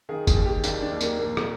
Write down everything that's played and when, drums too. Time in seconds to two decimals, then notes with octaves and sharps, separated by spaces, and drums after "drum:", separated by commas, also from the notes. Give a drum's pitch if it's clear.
0.09 D#3 G#4
0.27 G#4, drum: kick, tambourine
0.36 D#2
0.45 G4
0.64 D#3 D4, drum: tambourine
0.82 D4
0.92 D#2
1.01 A#3, drum: tambourine
1.18 A#1 A#3
1.37 drum: rim click